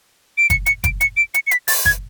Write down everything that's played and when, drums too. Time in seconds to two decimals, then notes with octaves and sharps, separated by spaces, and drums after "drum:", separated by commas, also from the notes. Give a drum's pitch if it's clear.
0.38 D7
0.50 C#7, drum: kick F#1, hi-hat
0.66 C#7, drum: hi-hat
0.84 D7, drum: kick F#1, hi-hat
1.01 C#7, drum: hi-hat
1.17 D7
1.34 C#7, drum: hi-hat
1.47 C#7
1.51 B6, drum: hi-hat
1.68 A6, drum: open hi-hat
1.85 G#6, drum: kick F#1, hi-hat